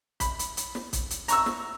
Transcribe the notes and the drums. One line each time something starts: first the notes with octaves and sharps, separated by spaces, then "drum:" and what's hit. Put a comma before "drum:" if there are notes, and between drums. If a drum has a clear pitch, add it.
B5, drum: kick, hi-hat
drum: hi-hat
drum: hi-hat
drum: snare
drum: kick, hi-hat
drum: hi-hat
A#5 C#6 E6, drum: hi-hat
drum: snare